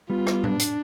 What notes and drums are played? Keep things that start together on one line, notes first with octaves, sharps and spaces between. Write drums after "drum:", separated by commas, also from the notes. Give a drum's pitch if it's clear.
G3 B3 F4
drum: rim click
D4, drum: tom A#2
drum: hi-hat